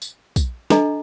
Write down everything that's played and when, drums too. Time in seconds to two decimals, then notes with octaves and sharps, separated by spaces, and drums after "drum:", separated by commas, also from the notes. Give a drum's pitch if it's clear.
0.02 drum: tambourine
0.36 drum: kick, tambourine
0.70 D4 A4 D#5 A#5, drum: snare